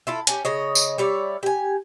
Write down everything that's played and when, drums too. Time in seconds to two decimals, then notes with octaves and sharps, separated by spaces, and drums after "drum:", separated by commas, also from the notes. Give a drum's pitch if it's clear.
0.07 E4 F4 A4
0.27 C#4 G4, drum: hi-hat
0.45 C#3 C#5 D#5
0.75 drum: tambourine
0.98 G3 C#5 D5 E5
1.43 G4 G#5